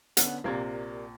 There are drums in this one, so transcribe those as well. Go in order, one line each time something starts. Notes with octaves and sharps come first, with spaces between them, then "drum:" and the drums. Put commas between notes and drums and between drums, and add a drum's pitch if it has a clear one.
D3 B3 C#4 F#5, drum: hi-hat
A#1 C3 A#3 G4 A#4 D5 G#6 A6